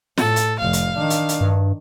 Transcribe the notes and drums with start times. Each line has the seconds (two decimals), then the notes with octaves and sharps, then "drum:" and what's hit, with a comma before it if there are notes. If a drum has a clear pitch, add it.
0.17 A2 A4, drum: snare
0.36 drum: hi-hat
0.59 F1 F5
0.73 drum: hi-hat
0.96 D#3 D4
1.10 drum: hi-hat
1.29 drum: hi-hat
1.41 G2